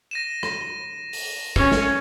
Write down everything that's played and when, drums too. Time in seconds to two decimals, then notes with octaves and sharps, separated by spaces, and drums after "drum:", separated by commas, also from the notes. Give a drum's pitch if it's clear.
0.11 A#6 D#7 E7
0.43 drum: rim click
1.13 drum: open hi-hat
1.56 C#4, drum: kick
1.72 drum: snare